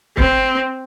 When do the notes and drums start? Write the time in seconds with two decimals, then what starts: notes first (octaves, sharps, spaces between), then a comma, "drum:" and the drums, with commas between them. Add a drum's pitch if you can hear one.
0.17 C4, drum: kick